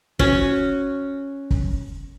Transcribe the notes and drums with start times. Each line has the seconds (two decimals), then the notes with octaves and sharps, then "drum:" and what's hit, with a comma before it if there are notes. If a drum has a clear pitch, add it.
0.19 C#4 F#4, drum: kick
1.51 drum: kick